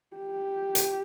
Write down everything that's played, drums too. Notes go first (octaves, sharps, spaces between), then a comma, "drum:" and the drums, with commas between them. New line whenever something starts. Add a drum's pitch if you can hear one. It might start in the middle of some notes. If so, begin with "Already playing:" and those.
G4
drum: hi-hat